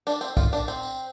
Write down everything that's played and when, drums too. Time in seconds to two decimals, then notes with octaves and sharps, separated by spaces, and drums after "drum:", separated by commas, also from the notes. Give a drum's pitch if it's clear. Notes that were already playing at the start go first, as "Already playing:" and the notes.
0.07 D4, drum: tambourine
0.21 C4, drum: tambourine
0.37 F4, drum: kick, tambourine
0.53 D4, drum: tambourine
0.68 C4, drum: tambourine
0.83 drum: tambourine